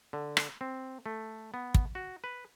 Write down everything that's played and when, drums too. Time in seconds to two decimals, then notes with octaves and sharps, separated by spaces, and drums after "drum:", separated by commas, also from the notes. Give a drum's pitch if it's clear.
0.13 D3
0.37 drum: rim click
0.61 C4
1.06 A3
1.54 B3
1.74 drum: kick
1.95 F#4
2.24 B4